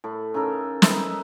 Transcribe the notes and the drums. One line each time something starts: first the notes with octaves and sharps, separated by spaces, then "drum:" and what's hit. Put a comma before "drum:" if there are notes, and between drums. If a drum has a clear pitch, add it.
A2 A4
C#3 D#4 A4 A#4
D#4 B4 E5, drum: snare